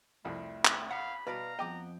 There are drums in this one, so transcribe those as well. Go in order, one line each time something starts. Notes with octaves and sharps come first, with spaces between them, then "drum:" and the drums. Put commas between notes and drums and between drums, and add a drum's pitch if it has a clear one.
C2 F2 G3 A3
drum: clap
F5 F#5 B5
B2 B4 D5 F5 A#5 B5
F2 B3 D#5 G5 D6